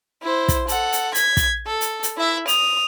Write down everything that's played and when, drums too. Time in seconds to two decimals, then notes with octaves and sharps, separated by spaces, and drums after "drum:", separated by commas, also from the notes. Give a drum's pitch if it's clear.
0.23 E4 C5
0.48 drum: kick, hi-hat
0.68 A4 F#5, drum: hi-hat
0.93 drum: hi-hat
1.15 G#6 B6, drum: hi-hat
1.37 drum: kick, hi-hat
1.67 A4
1.81 drum: hi-hat
2.03 drum: hi-hat
2.17 E4 E5
2.48 D#6 F7, drum: hi-hat